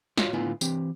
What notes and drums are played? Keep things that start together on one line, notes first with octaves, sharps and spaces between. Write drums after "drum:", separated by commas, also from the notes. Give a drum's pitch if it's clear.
F4 F#4 C#5 D#5 F5, drum: snare
A2 D3 B3 E4 F4 G#5
E3 C4 G4, drum: tambourine